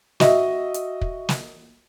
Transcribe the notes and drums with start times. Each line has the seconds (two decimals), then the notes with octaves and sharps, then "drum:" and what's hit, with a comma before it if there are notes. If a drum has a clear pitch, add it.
0.20 F#4 D#5 E5, drum: snare
0.74 drum: hi-hat
1.01 drum: kick
1.29 drum: snare